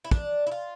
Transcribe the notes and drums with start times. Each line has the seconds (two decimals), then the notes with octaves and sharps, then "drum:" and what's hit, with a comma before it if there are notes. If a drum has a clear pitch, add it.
0.04 E4
0.11 D4, drum: kick
0.47 E4
0.51 F4